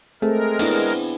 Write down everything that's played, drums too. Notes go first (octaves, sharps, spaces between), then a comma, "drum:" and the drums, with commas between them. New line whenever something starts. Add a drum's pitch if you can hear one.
G#3 A3 C4 G#4 A#4
B3 D4 E4, drum: cymbal